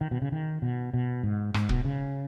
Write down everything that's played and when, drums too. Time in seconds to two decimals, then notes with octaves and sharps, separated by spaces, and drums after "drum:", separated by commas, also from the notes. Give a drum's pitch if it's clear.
0.01 D#3
0.11 B2
0.22 C#3
0.32 D#3
0.62 B2
0.93 B2
1.23 G#2
1.54 G#2, drum: rim click
1.69 B2, drum: kick
1.85 C#3